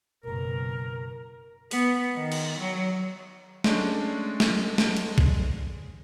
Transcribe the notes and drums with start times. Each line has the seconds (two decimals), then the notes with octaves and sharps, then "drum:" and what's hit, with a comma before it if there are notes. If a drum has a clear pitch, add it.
0.24 F#1 B2 A#4
1.71 B3, drum: open hi-hat
2.14 D#3
2.32 drum: cymbal
2.59 F#3
3.64 G#3 A3 C#4 D4, drum: snare
4.40 drum: snare
4.78 drum: snare
4.97 drum: cymbal
5.18 drum: kick B1